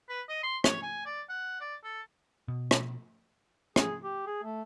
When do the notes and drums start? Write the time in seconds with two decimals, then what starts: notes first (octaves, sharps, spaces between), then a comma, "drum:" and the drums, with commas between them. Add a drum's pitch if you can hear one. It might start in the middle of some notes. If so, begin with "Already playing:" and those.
0.09 B4
0.29 D#5
0.43 C6
0.64 C#5, drum: rim click
0.82 G#5
1.06 D5
1.29 F#5
1.60 D5
1.84 A4
2.48 B2
2.71 drum: rim click
3.76 G#4, drum: rim click
4.04 G4
4.27 G#4
4.43 A3